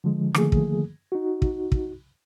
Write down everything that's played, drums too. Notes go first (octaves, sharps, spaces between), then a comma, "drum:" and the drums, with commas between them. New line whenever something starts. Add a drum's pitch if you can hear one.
D3 F3 G#3
D3 D#3 F3 A3 A#3 G#4, drum: rim click
drum: kick
D#4 F#4
drum: kick
drum: kick